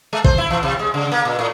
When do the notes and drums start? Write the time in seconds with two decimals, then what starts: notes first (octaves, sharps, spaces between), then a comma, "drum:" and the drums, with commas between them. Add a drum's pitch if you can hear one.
0.13 G#3
0.25 C5, drum: kick
0.38 E4
0.50 E3
0.63 C3
0.79 G#3
0.94 C#3
1.12 A#3
1.25 A#2
1.39 A2